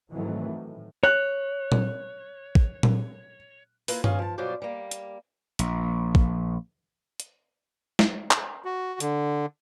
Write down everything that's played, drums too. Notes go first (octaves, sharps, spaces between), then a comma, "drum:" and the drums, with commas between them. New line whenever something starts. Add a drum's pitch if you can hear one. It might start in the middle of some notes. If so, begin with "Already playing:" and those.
G#2 D#3 E3 F#3 A3 C4
A2
C#5 F#6
drum: tom A#2
drum: kick
drum: tom A#2
A#3 E4 F4 B4, drum: open hi-hat
C#4 F4 G#4, drum: tom G2
F3 A5
B2 F#3 G3 F4 C5 D5
G3 A#3
drum: hi-hat
A#1, drum: hi-hat
drum: kick
drum: hi-hat
drum: snare
drum: clap
F#4
D3, drum: hi-hat